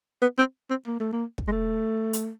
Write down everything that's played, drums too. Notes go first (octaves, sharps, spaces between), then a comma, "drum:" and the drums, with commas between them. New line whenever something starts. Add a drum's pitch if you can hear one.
B3
C4
C4
A#3
A3
A#3
drum: kick
G#3
A3
drum: hi-hat